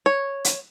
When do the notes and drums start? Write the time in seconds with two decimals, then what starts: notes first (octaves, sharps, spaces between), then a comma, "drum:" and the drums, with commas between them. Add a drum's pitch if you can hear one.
0.06 C#5
0.45 drum: hi-hat